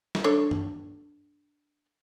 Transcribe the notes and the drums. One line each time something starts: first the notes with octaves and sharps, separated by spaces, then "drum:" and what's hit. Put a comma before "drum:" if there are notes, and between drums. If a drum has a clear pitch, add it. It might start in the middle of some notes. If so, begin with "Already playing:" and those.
drum: snare
D4 A4 C#5
drum: tom G2